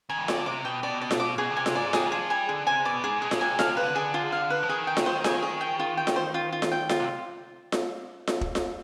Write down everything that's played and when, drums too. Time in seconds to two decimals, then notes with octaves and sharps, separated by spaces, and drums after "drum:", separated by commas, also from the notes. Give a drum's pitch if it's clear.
0.09 D#3 G#5
0.17 G3
0.25 F3
0.28 D#3 D5, drum: snare F4
0.40 D3
0.46 C3 D6
0.65 B2 G5
0.83 B2 D5
1.01 D5
1.11 drum: snare F4
1.20 D6
1.38 B2 G#4
1.50 D3
1.56 C3 G#5
1.66 drum: snare F4
1.75 G#2 D5
1.93 C3 G#4, drum: snare F4
2.06 D#3
2.12 F3 G#4
2.30 G3 G#5
2.49 D3 G#4
2.67 C3 G#5
2.85 B2 D5
3.03 G#2 G#4
3.22 B2 G#4
3.31 drum: snare F4
3.41 C3 G#5
3.59 D3 F5, drum: snare F4
3.71 C3
3.77 B4
3.83 D3
3.96 G#4
4.14 F4
4.32 F5
4.50 B4
4.63 F3
4.69 D#3 G#4
4.87 G5
4.97 drum: snare F4
5.06 C5
5.24 G#4, drum: snare F4
5.42 G#4
5.61 G5
5.80 F4
5.97 G5
6.07 drum: snare F4
6.16 C5
6.34 F4
6.52 F4
6.62 drum: snare F4
6.72 G5
6.89 F4, drum: snare F4
7.00 C3
7.72 drum: snare F4
8.27 drum: snare F4
8.41 drum: kick
8.55 drum: snare F4